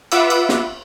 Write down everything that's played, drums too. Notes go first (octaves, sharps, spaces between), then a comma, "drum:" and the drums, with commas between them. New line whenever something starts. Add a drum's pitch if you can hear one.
F4 B4 E5 F#5 D6 E6, drum: cymbal
drum: cymbal
drum: snare